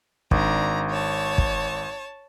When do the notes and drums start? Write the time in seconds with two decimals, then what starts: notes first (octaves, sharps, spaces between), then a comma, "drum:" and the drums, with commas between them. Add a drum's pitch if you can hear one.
0.31 G#1 D4 A#5, drum: kick
0.90 C#5 A5
1.38 drum: kick